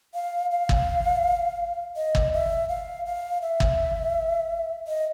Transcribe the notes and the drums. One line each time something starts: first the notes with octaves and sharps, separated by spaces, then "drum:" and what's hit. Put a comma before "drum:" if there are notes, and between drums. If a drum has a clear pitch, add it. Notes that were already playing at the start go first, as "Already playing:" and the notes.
F5
F5
drum: kick G1
D#5
drum: kick G1
E5
F5
F5
E5
drum: kick G1
D#5